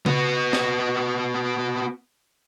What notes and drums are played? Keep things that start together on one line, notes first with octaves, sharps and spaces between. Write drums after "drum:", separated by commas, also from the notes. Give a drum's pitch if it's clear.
B3 F#4, drum: tom C#3
drum: snare